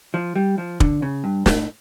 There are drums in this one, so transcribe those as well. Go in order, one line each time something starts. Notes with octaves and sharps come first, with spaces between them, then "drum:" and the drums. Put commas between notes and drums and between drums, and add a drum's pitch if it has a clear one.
F3
G3
F3
D3, drum: kick
C#3
G2
A2, drum: snare